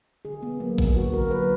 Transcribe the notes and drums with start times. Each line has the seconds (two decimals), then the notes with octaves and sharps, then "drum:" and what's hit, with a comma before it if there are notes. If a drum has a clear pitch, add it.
0.25 D3 G#4
0.43 B3
0.60 F#3 A#3
0.78 B3, drum: kick A1
0.96 D3 F#4
1.14 A#4
1.31 F#3 A#3 B4